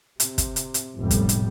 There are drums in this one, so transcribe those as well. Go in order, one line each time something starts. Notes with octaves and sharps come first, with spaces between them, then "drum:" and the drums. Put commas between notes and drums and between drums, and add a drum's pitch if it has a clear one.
C3, drum: hi-hat
drum: kick, hi-hat
drum: hi-hat
drum: hi-hat
F1 B1 A2 G3
drum: kick, hi-hat
drum: hi-hat